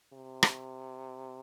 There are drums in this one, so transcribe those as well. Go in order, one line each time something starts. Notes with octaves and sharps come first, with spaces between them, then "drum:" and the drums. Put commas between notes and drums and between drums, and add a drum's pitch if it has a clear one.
C3
drum: rim click